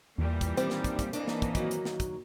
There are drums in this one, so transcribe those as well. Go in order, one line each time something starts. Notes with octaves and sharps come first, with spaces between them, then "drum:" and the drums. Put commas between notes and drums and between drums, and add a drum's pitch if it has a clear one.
E2 A#2 E3 G3
drum: kick, hi-hat
D#3 C4 D4, drum: hi-hat
drum: snare
drum: kick, hi-hat
drum: kick, hi-hat
E3 A#3 D4 D#4, drum: hi-hat
drum: snare
drum: kick, hi-hat
D#3 F#3, drum: kick, hi-hat
drum: hi-hat
drum: snare
drum: kick, hi-hat